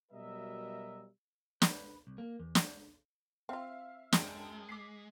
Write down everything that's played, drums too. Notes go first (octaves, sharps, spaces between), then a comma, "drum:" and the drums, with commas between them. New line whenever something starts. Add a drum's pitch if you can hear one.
B2 F#3 G3 A#4 D#5 E5
B4, drum: snare
C2
A#3
E2
drum: snare
C4 F4 E5 F5
F#2 G#3 G5 A5, drum: snare
D6 B6 C7